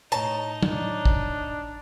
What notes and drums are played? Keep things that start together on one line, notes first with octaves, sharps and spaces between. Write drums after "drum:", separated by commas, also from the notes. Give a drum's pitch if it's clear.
A2 D#4 C#5 A5 A#5
drum: tom
D4
drum: kick